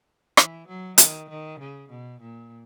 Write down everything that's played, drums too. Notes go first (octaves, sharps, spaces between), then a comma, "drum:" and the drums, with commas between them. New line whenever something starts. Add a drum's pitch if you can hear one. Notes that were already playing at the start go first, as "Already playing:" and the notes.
E3, drum: rim click
F#3
D#3, drum: hi-hat
D#3
C#3
B2
A#2